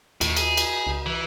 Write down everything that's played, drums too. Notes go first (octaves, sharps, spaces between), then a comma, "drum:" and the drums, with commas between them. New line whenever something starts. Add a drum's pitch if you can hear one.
D#2 A2, drum: cymbal
G#4, drum: cymbal
drum: cymbal
C#2
E3